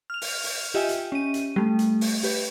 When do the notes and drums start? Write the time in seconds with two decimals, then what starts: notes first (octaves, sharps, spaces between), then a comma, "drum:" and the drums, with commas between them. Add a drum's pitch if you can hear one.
0.10 F6 F7
0.22 drum: open hi-hat
0.44 drum: open hi-hat
0.74 F4 G4 D#5 E5 G5 G#5
0.89 drum: hi-hat
1.12 C#4 D#7
1.34 drum: hi-hat
1.56 G3 A3
1.79 drum: hi-hat
2.01 drum: open hi-hat
2.23 G4 B4, drum: open hi-hat